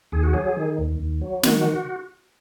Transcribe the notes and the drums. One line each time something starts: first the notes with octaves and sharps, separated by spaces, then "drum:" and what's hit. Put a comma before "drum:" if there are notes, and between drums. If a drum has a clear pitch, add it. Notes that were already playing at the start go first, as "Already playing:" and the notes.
D#2 G#4
F#4
F#3 G#4
D#3
D#2
D#2
F#3
D#3 F#4, drum: snare